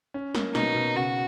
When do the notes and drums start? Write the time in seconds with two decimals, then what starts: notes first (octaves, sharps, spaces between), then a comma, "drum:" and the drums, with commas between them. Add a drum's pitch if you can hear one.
0.14 C#4
0.35 A#3, drum: snare
0.55 B2 D#4, drum: snare
0.75 B2
0.95 C#3 F#4